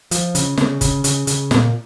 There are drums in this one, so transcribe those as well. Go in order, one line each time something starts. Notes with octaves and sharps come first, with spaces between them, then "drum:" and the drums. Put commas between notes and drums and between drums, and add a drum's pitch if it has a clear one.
F3, drum: hi-hat
C#3, drum: hi-hat
C#3, drum: snare
C#3, drum: kick, hi-hat
C#3, drum: hi-hat
C#3, drum: hi-hat
A#2, drum: snare